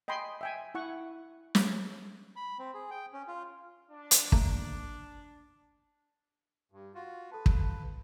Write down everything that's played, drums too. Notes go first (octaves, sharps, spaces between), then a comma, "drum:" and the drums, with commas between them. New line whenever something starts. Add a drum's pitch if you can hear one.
D#5 G5 G#5 B5 C6
E5 G5 G#5
E4 F#5 C#6
drum: snare
B5
C4
G#4
G5
C#4
F4
D4
drum: hi-hat
A3 A#3, drum: kick
G2
F4 F#4
A4 B4 A5
drum: kick